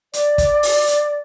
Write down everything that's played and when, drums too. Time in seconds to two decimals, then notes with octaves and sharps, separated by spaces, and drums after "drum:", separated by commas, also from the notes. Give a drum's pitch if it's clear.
0.13 D5, drum: hi-hat
0.38 drum: kick, hi-hat
0.63 drum: open hi-hat
0.88 drum: hi-hat